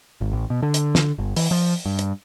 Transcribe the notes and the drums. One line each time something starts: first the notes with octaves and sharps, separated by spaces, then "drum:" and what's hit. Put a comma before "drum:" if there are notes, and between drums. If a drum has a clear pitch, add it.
G#1
A1
B2
D3
drum: hi-hat
drum: snare
G1
E3, drum: open hi-hat
F3
G2
drum: hi-hat